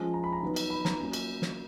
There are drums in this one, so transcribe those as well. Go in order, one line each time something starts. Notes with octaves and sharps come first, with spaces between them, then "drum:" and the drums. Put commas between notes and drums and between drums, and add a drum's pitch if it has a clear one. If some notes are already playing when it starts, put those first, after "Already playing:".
Already playing: F3 G#3 C#4 F4
A#5
B5
A#5
D#3 F#3 B3 D#4
drum: cymbal
B5
A#5, drum: snare
F#3 A#3 C#4
drum: cymbal
drum: snare